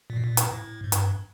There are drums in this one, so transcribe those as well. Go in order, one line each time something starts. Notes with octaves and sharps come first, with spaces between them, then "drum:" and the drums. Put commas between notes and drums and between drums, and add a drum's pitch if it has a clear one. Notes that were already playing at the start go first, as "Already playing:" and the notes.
A#2
B2
A#2
drum: hi-hat
A2
G#2
G2, drum: hi-hat